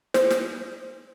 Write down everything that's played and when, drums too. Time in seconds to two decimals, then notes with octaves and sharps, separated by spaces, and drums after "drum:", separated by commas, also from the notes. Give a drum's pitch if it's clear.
0.14 C5, drum: snare
0.30 drum: snare